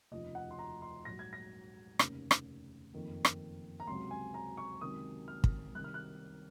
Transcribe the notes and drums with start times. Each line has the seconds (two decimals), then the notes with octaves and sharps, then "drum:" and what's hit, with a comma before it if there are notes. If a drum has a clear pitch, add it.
0.12 F1 D#2 C#3 F3 D#5
0.35 F#5
0.51 C6
0.59 A#5
0.82 C6
1.05 A#1 G#2 F#3 A#6
1.19 G#6
1.33 A#6
1.99 F1 D#2 C#3, drum: rim click
2.31 drum: rim click
2.93 F#1 F2 D#3
3.25 drum: rim click
3.80 A#5
3.87 C#2 C3 F#3 C6
4.11 G#5
4.34 A#5
4.57 C#6
4.81 C#2 C3 D#3 F#3 D#6
5.28 F6
5.44 drum: kick
5.75 C2 C3 D#3 F#6
5.84 F6
5.94 F#6